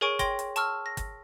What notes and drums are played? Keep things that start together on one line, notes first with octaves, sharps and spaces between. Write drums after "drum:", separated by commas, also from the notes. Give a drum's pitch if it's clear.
G#4 A#4 C#5 G#5 C#6 D7
C#5 G5 C6 A#6, drum: kick, hi-hat
drum: hi-hat
A5 C#6 E6 F6, drum: hi-hat
A#6
drum: kick, hi-hat